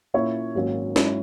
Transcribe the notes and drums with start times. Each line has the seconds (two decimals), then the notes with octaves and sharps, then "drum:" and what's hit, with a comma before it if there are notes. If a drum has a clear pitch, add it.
0.14 A#2 A#3 C#4 E4 C#5
0.55 G#1 G#2 F#3 A#3 C#4
0.96 G#2 F#3 C#4 E4, drum: snare